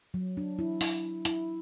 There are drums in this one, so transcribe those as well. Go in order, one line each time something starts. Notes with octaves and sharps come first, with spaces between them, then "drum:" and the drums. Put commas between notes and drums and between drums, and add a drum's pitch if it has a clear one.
F#3
D4
E4
E4, drum: open hi-hat
E4, drum: hi-hat